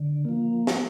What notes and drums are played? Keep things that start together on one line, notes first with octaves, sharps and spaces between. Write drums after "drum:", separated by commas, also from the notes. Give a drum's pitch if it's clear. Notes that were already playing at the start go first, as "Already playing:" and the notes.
Already playing: D3
F3 A#3
drum: snare